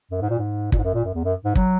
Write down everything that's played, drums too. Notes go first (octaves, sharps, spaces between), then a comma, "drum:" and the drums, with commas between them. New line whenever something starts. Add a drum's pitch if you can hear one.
F#2
G#2
A#2
G#2
A#2, drum: kick
G#2
F#2
A#2
F#2
E2
F#2
G#2
F#3, drum: kick